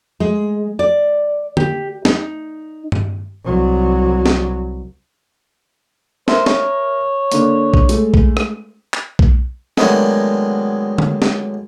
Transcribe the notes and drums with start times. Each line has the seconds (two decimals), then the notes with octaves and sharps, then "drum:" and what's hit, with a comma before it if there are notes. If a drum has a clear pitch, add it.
0.20 G#3
0.79 D5
1.57 G4, drum: tom D3
2.05 D#4, drum: snare
2.92 drum: tom G2
3.44 C2 F#3
4.26 drum: snare
6.28 A#4 C5 E5, drum: snare
6.46 C#5, drum: snare
7.32 D3 A#3, drum: hi-hat
7.74 drum: kick B1
7.89 G#3 A3, drum: hi-hat
8.14 drum: kick B1
8.37 drum: rim click
8.93 drum: clap
9.19 drum: kick B1
9.77 D3 D#3 F#3 G#3 A3 B3, drum: snare
10.98 drum: tom D3
11.22 drum: snare